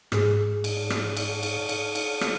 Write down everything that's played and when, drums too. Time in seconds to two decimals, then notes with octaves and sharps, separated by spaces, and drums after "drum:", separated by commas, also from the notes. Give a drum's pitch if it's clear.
0.12 G#2 G#4, drum: rim click
0.64 drum: cymbal
0.90 drum: rim click
1.17 drum: cymbal
1.43 drum: cymbal
1.69 drum: cymbal
1.95 drum: cymbal
2.21 drum: rim click